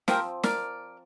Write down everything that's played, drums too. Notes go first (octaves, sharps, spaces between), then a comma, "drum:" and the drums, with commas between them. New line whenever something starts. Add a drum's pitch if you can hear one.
F3 C4 G4 A#4, drum: snare
A#4 D5, drum: snare